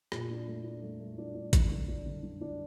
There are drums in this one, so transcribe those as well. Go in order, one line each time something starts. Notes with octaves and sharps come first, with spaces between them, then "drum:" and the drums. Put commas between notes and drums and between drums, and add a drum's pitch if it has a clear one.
A#2, drum: rim click
D4
A3
D4
A3
A3
D4
D4
D4, drum: kick A1, hi-hat
D3
D4
D3
D3
D4